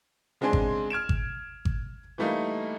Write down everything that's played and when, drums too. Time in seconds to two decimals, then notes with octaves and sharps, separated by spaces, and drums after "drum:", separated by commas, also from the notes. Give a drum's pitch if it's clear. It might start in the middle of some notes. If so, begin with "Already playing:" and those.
0.41 C#3 G#3 C4 D4 G#5 C6
0.53 drum: kick G#1
0.90 F6 G#6 D7 E7
1.09 drum: kick G#1
1.65 drum: kick G#1
2.18 E3 G3 A3 A#3 D#4